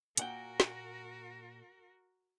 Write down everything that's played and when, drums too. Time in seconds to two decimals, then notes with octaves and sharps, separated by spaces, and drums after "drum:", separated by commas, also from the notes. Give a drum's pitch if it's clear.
0.17 A#2 F#4 A#4 F#5 G5, drum: hi-hat
0.60 drum: snare